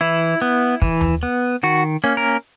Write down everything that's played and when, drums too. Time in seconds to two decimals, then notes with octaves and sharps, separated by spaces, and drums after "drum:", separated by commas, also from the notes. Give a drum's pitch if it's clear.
0.01 E3 E4
0.42 B3
0.82 E3, drum: kick
1.01 drum: tom D#2
1.23 B3
1.63 D#3 F#4
2.04 A#3 C#4
2.17 A#4